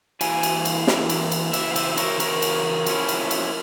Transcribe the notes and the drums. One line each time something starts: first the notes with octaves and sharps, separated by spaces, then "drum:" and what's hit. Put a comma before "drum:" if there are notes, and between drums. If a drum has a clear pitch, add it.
E3 A#3 E4 F5 G#5, drum: cymbal
drum: cymbal
drum: cymbal
E3 A#3 E4, drum: snare
drum: cymbal
drum: cymbal
C#3 E3 E5, drum: cymbal
F5
C5 E5, drum: cymbal
E5
A#4 C#5, drum: cymbal
C#3 E3 A#4 C#5, drum: cymbal
drum: cymbal
F3 A#3 C#4 E4, drum: cymbal
drum: cymbal
drum: cymbal